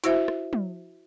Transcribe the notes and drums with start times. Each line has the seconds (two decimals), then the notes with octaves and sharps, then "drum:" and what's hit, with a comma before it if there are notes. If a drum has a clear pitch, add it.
0.04 E4 F#4 C5 E5, drum: hi-hat
0.28 drum: rim click
0.53 drum: tom